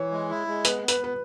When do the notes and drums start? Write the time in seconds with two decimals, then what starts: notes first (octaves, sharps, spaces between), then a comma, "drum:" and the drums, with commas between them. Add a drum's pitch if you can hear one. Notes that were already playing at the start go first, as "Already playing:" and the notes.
Already playing: E3 C#5
0.11 G#3
0.30 E4
0.47 G#3
0.65 B3 B4, drum: hi-hat
0.82 B3
0.88 B4, drum: hi-hat
1.00 B3 B4